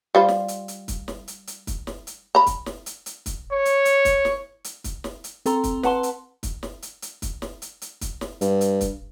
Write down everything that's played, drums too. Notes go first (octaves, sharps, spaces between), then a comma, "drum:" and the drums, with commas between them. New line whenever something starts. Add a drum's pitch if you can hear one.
G3 F4 C5
drum: snare
drum: hi-hat
drum: hi-hat
drum: kick, hi-hat
drum: snare
drum: hi-hat
drum: hi-hat
drum: kick, hi-hat
drum: snare
drum: hi-hat
A#5 B5
drum: kick, hi-hat
drum: snare
drum: hi-hat
drum: hi-hat
drum: kick, hi-hat
C#5
drum: hi-hat
drum: hi-hat
drum: kick, hi-hat
drum: snare
drum: hi-hat
drum: kick, hi-hat
drum: snare
drum: hi-hat
C4 A4 A#5 C6, drum: hi-hat
drum: kick, hi-hat
B4 F#5 A5 C6, drum: snare
drum: hi-hat
drum: kick, hi-hat
drum: snare
drum: hi-hat
drum: hi-hat
drum: kick, hi-hat
drum: snare
drum: hi-hat
drum: hi-hat
drum: kick, hi-hat
drum: snare
G2, drum: hi-hat
drum: hi-hat
drum: kick, hi-hat